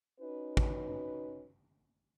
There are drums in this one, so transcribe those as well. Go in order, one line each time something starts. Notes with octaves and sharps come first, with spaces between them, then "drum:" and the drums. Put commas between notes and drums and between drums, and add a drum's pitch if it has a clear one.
C#4 D#4 F#4 B4
drum: kick